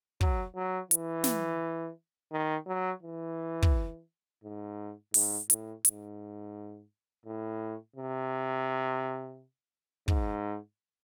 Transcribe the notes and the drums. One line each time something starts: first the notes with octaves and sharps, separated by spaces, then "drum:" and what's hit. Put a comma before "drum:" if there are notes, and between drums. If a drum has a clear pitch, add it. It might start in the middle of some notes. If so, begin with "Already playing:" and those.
F#3, drum: kick
F#3
E3, drum: hi-hat
drum: snare
D#3
F#3
E3
drum: kick
G#2
G#2, drum: open hi-hat
A2, drum: hi-hat
G#2, drum: hi-hat
A2
C3
G#2, drum: kick